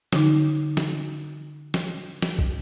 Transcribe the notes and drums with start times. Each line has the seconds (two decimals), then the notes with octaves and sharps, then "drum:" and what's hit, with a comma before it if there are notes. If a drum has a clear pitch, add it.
0.13 D3 D#4, drum: snare
0.77 drum: snare
1.74 drum: snare
2.22 drum: snare
2.39 drum: kick B1